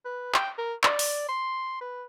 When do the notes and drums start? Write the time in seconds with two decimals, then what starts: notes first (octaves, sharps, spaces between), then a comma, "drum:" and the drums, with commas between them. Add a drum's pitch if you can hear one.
0.05 B4
0.34 G5, drum: clap
0.58 A#4
0.83 D5, drum: clap
0.99 drum: open hi-hat
1.29 C6
1.81 B4